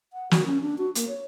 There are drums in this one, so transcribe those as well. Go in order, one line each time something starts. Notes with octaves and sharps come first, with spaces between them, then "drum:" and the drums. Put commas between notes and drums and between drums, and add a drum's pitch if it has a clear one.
F#5
F#4, drum: snare
C#4
D4
F#4
A#3, drum: hi-hat
C#5